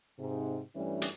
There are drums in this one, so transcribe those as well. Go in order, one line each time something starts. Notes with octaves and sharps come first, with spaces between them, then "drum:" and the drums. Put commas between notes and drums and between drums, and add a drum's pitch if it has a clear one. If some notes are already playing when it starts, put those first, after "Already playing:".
G#2 C3
G2 E3 G3 A3 C#4
drum: hi-hat